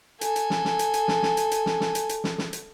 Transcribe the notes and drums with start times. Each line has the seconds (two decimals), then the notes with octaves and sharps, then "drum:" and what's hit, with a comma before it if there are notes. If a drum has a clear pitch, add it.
0.21 A4 G#5, drum: hi-hat
0.36 drum: hi-hat
0.50 drum: snare
0.65 drum: snare
0.79 drum: hi-hat
0.94 drum: hi-hat
1.08 drum: snare
1.23 drum: snare
1.37 drum: hi-hat
1.51 drum: hi-hat
1.66 drum: snare
1.80 drum: snare
1.95 drum: hi-hat
2.09 drum: hi-hat
2.24 drum: snare
2.38 drum: snare
2.53 drum: hi-hat